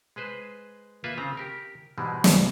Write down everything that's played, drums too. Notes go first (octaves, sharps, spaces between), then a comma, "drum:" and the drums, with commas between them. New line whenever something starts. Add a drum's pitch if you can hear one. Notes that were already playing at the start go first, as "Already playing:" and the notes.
G#3 G#4 B4 C5
A#3 F4 G#4 B4 E5 F5
C#3 C4 A#5
G4 A#4
G#2 B2 E3 G3 G#3
C2 G#2, drum: snare